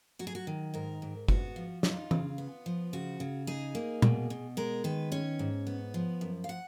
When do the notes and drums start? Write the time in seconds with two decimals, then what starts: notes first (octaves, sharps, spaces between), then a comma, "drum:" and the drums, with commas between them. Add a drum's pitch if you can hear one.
0.19 F#3 F#4
0.27 G#4
0.35 F#4
0.47 D#3
0.74 G#2 A#4
1.02 G#2
1.28 B3 F#4, drum: kick G1
1.56 F3
1.83 D#4 F4, drum: snare
2.11 C#3, drum: tom
2.38 B3
2.66 F3
2.93 C#3 F#4
3.20 C#3
3.47 D#4 G#4
3.75 A#3
4.02 B2, drum: tom A#2
4.30 B2
4.57 G#3 A#4
4.84 D#3 B4
5.12 C#4 C#5
5.39 G#2
5.67 B3
5.94 F3
6.21 F#2
6.44 F5
6.49 F#5